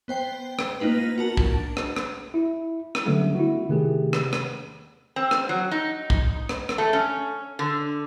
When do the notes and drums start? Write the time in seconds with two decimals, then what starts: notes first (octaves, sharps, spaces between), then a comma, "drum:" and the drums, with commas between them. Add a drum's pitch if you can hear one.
0.08 B3 C5 G5 C7 G7
0.59 drum: rim click
0.80 A#3 B3 D#4 F4 B4
1.18 F#4 A#4 A5
1.37 drum: kick
1.53 D4
1.77 drum: rim click
1.96 drum: rim click
2.34 E4
2.95 drum: rim click
3.05 D3 F#3 G3 A3 B3 C#4
3.35 E4 F#4
3.69 C3 D#3 A3 G4 G#4
4.13 drum: rim click
4.33 drum: rim click
5.16 C4
5.31 drum: rim click
5.49 F#3
5.71 D#4
6.10 drum: kick
6.49 drum: rim click
6.69 drum: rim click
6.78 A3
6.93 C#4
7.59 D3